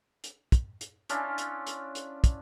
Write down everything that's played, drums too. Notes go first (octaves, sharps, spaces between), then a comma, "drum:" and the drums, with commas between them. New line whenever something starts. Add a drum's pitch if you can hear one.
drum: hi-hat
drum: kick, hi-hat
drum: hi-hat
C#4 D4 E4 F4, drum: hi-hat
drum: hi-hat
drum: hi-hat
drum: hi-hat
drum: kick, hi-hat